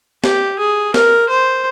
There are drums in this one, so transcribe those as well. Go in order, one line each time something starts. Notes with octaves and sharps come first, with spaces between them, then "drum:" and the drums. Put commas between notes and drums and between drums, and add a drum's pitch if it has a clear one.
G4, drum: snare
G#4
A#4, drum: snare
C5